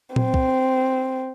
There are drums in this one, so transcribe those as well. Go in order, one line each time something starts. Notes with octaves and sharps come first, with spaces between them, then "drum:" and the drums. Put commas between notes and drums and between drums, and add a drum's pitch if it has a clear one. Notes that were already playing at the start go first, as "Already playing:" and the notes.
C4, drum: tom A#2
drum: kick C2